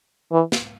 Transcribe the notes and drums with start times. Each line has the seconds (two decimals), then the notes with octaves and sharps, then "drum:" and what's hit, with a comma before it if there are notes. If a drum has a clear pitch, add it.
0.32 E3
0.52 drum: snare